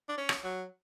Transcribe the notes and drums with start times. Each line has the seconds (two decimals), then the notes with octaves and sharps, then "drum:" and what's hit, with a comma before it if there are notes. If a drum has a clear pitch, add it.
0.09 D4
0.18 C#4
0.29 drum: rim click
0.44 F#3